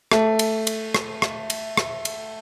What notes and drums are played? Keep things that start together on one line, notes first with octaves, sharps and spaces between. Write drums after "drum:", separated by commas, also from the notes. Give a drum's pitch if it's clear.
A3, drum: rim click
drum: cymbal
drum: cymbal
drum: rim click
drum: rim click
drum: cymbal
drum: rim click
drum: cymbal